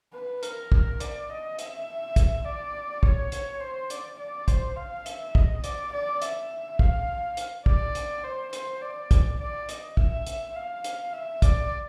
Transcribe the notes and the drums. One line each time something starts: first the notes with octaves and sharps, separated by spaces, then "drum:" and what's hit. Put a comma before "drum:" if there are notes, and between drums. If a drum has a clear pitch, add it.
B4
A#4, drum: hi-hat
drum: kick
D5, drum: hi-hat
D#5
E5, drum: hi-hat
drum: kick, hi-hat
D5
C#5, drum: kick
drum: hi-hat
C5
D5, drum: hi-hat
D5
C5, drum: kick, hi-hat
F5
E5, drum: hi-hat
D#5, drum: kick
D5, drum: hi-hat
D5
E5, drum: hi-hat
F5, drum: kick
drum: hi-hat
D5, drum: kick
drum: hi-hat
C5
C5, drum: hi-hat
D5
drum: kick, hi-hat
D5
D#5, drum: hi-hat
E5, drum: kick
drum: hi-hat
F5
drum: hi-hat
E5
D5, drum: kick, hi-hat